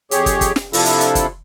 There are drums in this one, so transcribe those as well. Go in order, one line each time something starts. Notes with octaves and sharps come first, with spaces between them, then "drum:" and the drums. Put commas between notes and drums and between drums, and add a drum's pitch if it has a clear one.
F2 G4 G#4 C#5, drum: hi-hat
drum: kick, hi-hat
drum: kick, hi-hat
drum: snare
C3 F3 D4 E4 F4 A4, drum: open hi-hat
drum: hi-hat
drum: hi-hat
drum: kick, hi-hat